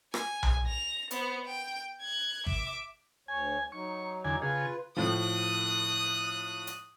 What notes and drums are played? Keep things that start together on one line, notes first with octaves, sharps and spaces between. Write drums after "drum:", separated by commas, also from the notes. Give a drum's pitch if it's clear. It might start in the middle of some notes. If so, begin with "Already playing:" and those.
G#5, drum: rim click
drum: tom B1
A#6 F7
B3 C5, drum: hi-hat
G5
F#6 G#6
E5 D6, drum: kick
D2 C#5 G#5
F#3 D#4 C#6
E2 D3 G#5
C#3 F4 G#4 B4
A2 F3 D#6 F#6
drum: hi-hat